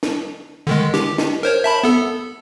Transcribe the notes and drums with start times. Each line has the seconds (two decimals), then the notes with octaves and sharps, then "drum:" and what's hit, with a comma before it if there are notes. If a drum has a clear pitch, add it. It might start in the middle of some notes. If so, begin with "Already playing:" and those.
0.03 drum: snare
0.67 D3 D#3 G#3
0.94 G4, drum: snare
1.18 drum: snare
1.43 A#4 C5 C#5
1.64 E5 A5 B5
1.83 B3 A4